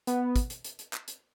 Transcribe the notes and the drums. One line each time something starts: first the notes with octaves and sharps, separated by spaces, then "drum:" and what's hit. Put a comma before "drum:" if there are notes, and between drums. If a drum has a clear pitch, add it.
B3, drum: hi-hat
drum: kick, hi-hat
drum: hi-hat
drum: hi-hat
drum: hi-hat
drum: clap
drum: hi-hat